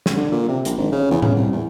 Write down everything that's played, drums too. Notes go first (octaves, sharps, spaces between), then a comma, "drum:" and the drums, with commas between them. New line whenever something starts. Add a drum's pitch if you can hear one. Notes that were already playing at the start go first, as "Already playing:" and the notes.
drum: snare
D3
A#2
C3
A#1, drum: hi-hat
G#1
C#3
E2
C#3, drum: tom A2
C2
E2